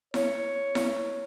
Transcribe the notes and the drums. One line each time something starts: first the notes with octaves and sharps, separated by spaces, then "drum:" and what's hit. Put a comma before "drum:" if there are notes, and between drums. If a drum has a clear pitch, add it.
C#5, drum: snare E4
drum: snare E4